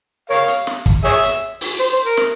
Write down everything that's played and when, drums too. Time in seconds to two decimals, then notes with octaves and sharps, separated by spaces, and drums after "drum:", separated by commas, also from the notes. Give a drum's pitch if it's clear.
0.30 A#4 C#5 F5
0.48 drum: hi-hat
0.67 drum: snare
0.86 drum: kick, hi-hat
1.05 G#4 C#5 E5
1.23 drum: hi-hat
1.61 drum: open hi-hat
1.80 C5
1.93 C5
2.05 A#4
2.17 drum: snare